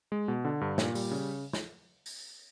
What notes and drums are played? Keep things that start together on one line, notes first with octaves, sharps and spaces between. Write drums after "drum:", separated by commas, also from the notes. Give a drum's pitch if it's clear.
G#3
B2
D3
G2
A#2, drum: snare
G3, drum: open hi-hat
C#3
drum: snare
drum: open hi-hat